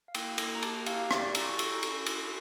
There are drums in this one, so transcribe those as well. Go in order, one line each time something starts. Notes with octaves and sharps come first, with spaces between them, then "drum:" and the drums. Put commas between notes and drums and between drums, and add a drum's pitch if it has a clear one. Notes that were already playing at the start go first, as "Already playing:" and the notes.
F5
A#3 G5, drum: cymbal
A#3, drum: cymbal
A#5
G4 A5, drum: cymbal
G4 F5, drum: cymbal
G4 D5, drum: rim click
D5
G4 A#5, drum: cymbal
C#6
A4 C#6, drum: cymbal
C#4, drum: cymbal
A4, drum: cymbal